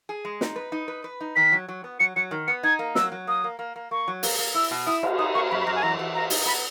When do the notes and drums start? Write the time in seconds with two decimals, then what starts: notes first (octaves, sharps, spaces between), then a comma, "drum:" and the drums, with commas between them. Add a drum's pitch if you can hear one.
0.09 G#4
0.25 G#3
0.41 D#4, drum: snare
0.56 B4
0.72 D#4
0.88 B4
1.04 B4
1.21 D#4
1.36 D#3 B6
1.52 F#3
1.68 F#3
1.84 B3
2.00 F#3 C#7
2.16 F#3 C#7
2.31 D#3
2.47 B3 C#7
2.63 D#4 G#6
2.79 A#3
2.95 F#3 E6, drum: snare
3.12 F#3
3.27 A#3 D#6
3.44 A#3
3.59 A#3
3.76 A#3
3.91 A#3 C#6
4.08 F#3
4.23 A#3, drum: open hi-hat
4.38 A#3
4.54 E4 E6
4.71 B2
4.86 E4 D#6
5.03 A#3, drum: cymbal
5.18 D#4 D#6
5.35 A#3 C#6
5.50 F#2 B5
5.60 B5
5.66 F#2 A#5
5.76 G#5
5.83 E3 A#5
5.99 E3
6.15 A#3 A#5
6.30 D#4, drum: open hi-hat
6.46 B3 B5